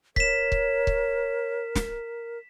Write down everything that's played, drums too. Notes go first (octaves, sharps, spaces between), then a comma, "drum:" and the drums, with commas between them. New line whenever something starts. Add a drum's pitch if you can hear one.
A#4 C#5 B6 E7, drum: kick C#1
drum: kick C#1
drum: kick C#1
drum: snare